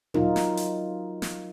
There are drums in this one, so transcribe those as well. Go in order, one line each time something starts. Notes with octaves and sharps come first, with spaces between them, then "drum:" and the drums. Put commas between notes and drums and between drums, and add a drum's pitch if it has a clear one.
F#3 D#4 F4 A#4, drum: tom A#2
drum: snare
drum: hi-hat
drum: snare